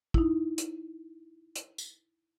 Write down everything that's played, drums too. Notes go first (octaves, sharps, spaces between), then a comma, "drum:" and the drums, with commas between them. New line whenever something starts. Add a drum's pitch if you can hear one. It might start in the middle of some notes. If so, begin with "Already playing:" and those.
D#4 E4, drum: kick
drum: hi-hat
drum: hi-hat
drum: tambourine